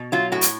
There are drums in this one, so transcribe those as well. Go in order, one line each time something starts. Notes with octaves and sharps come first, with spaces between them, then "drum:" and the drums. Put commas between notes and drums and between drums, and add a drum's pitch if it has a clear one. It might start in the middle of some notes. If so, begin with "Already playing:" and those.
Already playing: B2
F#3 F4
A2 F#4
drum: hi-hat